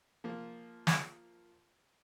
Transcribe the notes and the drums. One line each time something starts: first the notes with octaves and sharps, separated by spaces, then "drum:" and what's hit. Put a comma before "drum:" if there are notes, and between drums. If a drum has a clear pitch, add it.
F3 A#3
drum: snare